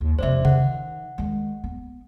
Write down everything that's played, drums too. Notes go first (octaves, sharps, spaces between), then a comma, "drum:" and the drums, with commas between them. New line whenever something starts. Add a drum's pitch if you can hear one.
D#2
F2 C3 C5 D5 E5
D#3 F#5, drum: tom C3
D#3 G#3
B3